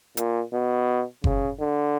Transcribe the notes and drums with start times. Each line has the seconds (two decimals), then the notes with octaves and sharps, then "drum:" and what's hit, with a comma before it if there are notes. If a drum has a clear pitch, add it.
0.17 A#2, drum: hi-hat
0.53 B2
1.24 C#3, drum: kick F#1
1.60 D3